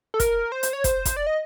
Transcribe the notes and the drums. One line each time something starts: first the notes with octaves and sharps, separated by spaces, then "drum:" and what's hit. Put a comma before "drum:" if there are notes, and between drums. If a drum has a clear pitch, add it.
A4
A#4, drum: kick, hi-hat
C5
drum: hi-hat
C#5
C5, drum: kick, hi-hat
drum: kick, hi-hat
D5
D#5